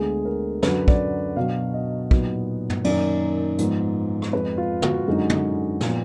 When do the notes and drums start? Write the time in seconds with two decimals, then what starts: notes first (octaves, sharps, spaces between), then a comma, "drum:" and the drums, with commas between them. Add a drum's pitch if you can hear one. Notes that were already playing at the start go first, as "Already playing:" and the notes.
Already playing: D2 D3 G#3 B3 G#4
0.25 A#4
0.63 F#2 D3 F#3 B4, drum: snare
0.88 D5, drum: kick
1.36 B2 F#3 D4 F5
1.74 D#5
2.11 A#2 F#3 B3 D#4, drum: kick
2.70 drum: tom
2.84 F#2 D#3 A#3 D#4 D5, drum: cymbal
3.58 G#2 F3 B3, drum: hi-hat
4.22 drum: rim click
4.33 F2 F3 G#3 B4
4.57 F4
4.82 F#4, drum: tom
5.07 F#2 D3 G#3 D#4
5.30 drum: tom
5.81 A#2 F3 B3 F4, drum: snare